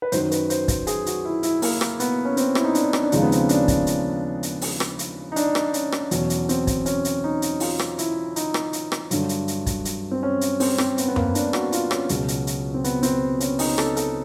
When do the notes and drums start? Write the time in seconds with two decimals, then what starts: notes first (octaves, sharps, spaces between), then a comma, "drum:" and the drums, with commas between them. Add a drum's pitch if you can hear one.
0.02 B4
0.12 F#2 D#3 F#3 C5, drum: hi-hat
0.31 B4, drum: hi-hat
0.50 C5, drum: hi-hat
0.68 C5, drum: kick, hi-hat
0.87 G#4, drum: hi-hat
1.06 F#4, drum: hi-hat
1.25 E4
1.43 E4, drum: hi-hat
1.62 A#3, drum: open hi-hat
1.81 drum: rim click
2.00 B3, drum: hi-hat
2.25 C#4
2.37 C4, drum: hi-hat
2.55 E4, drum: rim click
2.64 D#4
2.75 D4, drum: hi-hat
2.93 drum: rim click
3.03 D4
3.12 D#2 C#3 F3 G#3 D#4, drum: hi-hat
3.22 B3
3.32 C4, drum: hi-hat
3.41 C#4
3.49 D4, drum: hi-hat
3.68 drum: kick, hi-hat
3.87 drum: hi-hat
4.43 drum: hi-hat
4.61 drum: open hi-hat
4.80 drum: rim click
4.99 drum: hi-hat
5.32 D#4
5.36 D4, drum: hi-hat
5.55 drum: rim click
5.74 C#4, drum: hi-hat
5.92 drum: rim click
6.11 E2 B2 F#3 C#4, drum: hi-hat
6.30 drum: hi-hat
6.49 C4, drum: hi-hat
6.67 drum: kick, hi-hat
6.86 C#4, drum: hi-hat
7.05 drum: hi-hat
7.24 D#4
7.42 drum: hi-hat
7.60 F4, drum: open hi-hat
7.79 drum: rim click
7.98 E4, drum: hi-hat
8.36 D#4, drum: hi-hat
8.54 drum: rim click
8.73 drum: hi-hat
8.92 drum: rim click
9.11 G2 D3 F#3, drum: hi-hat
9.29 drum: hi-hat
9.48 drum: hi-hat
9.66 drum: kick, hi-hat
9.85 drum: hi-hat
10.11 C4
10.23 C#4
10.41 drum: hi-hat
10.60 C4, drum: open hi-hat
10.78 C4, drum: rim click
10.98 B3, drum: hi-hat
11.08 B3
11.16 A#3, drum: tom F#2
11.35 D4, drum: hi-hat
11.53 F#4, drum: rim click
11.72 F4, drum: hi-hat
11.91 C#4, drum: rim click
12.09 C#2 B2 F#3, drum: hi-hat
12.28 drum: hi-hat
12.47 drum: hi-hat
12.74 C4
12.84 B3, drum: hi-hat
13.03 C4, drum: hi-hat
13.40 C#4, drum: hi-hat
13.59 D#4, drum: open hi-hat
13.78 A4, drum: rim click
13.97 A4, drum: hi-hat